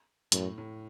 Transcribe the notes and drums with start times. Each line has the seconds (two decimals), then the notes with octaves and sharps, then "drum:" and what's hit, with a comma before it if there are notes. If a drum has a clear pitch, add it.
0.32 F#2 A2, drum: hi-hat
0.58 A2